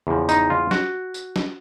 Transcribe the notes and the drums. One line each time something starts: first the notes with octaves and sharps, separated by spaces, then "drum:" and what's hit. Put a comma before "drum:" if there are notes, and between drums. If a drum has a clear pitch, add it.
E2 C#3 F3
D#4, drum: tambourine
F4
F#4, drum: snare
drum: tambourine
drum: snare